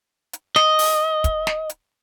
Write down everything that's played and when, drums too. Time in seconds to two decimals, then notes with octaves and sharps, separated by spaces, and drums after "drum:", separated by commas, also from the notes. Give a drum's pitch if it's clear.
0.33 drum: hi-hat
0.56 D#5, drum: snare
0.79 drum: open hi-hat
1.24 drum: kick, hi-hat
1.47 drum: snare
1.70 drum: hi-hat